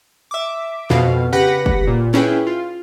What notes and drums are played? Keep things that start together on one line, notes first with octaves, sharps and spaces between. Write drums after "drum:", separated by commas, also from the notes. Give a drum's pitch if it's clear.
E5 D6
F2 B2 F5, drum: snare
C#3 G4 B4 F#5 B5 A#6
drum: kick
A#2
C#4 E4 G#4 B4 G5, drum: snare
F4